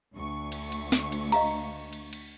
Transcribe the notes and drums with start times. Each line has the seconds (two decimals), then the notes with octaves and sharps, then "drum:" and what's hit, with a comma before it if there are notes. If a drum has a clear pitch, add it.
0.14 D2 C#6
0.52 drum: cymbal
0.72 drum: cymbal
0.92 drum: snare
1.12 drum: cymbal
1.32 D#5 F5 A#5, drum: cymbal
1.93 drum: cymbal
2.13 drum: cymbal